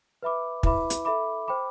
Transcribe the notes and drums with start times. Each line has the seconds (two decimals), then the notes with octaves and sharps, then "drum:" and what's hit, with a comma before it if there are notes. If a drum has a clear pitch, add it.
0.23 B4 E5 B5 D6
0.63 E4 B4 E5 B5 D6, drum: kick
0.90 drum: hi-hat
1.05 A4 E5 B5 D6
1.48 C5 G5 B5 D6